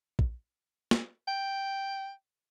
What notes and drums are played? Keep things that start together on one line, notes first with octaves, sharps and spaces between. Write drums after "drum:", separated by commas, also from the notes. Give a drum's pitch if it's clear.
drum: kick
drum: snare
G5